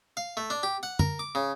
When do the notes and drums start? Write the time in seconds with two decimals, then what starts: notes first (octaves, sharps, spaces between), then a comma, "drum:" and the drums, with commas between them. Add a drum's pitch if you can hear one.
0.17 F5
0.37 A3
0.50 D4
0.63 G4
0.83 F#5
0.99 A#4, drum: tom
1.19 D6
1.35 C#3